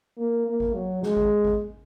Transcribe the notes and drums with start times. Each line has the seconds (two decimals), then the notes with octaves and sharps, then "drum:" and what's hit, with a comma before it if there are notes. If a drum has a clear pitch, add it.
0.17 A#3
0.46 A#3
0.60 drum: kick G#1
0.74 F#3
1.03 G#3, drum: snare
1.17 drum: kick G#1
1.45 drum: kick G#1